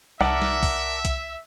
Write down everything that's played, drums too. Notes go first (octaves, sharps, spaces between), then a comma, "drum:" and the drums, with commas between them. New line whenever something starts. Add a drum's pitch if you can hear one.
C2 A#4 D5 E5 F#5 A5, drum: snare
drum: snare
drum: kick B1, open hi-hat
drum: kick B1, hi-hat